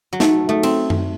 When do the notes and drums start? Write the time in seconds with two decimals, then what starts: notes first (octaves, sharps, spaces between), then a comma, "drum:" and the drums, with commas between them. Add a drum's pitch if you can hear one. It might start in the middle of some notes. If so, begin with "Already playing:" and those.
0.13 F#3
0.20 A3 D#4, drum: snare
0.49 A3 A4
0.63 C4, drum: cymbal
0.90 drum: tom F#2